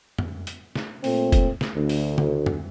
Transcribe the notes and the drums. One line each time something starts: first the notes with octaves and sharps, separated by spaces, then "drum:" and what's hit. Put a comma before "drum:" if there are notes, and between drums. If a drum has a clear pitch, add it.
drum: tom F2
drum: hi-hat
drum: snare
A#2 A3 C4, drum: open hi-hat
drum: kick, hi-hat
drum: snare
D2
drum: open hi-hat
drum: tom C#3
drum: tom F2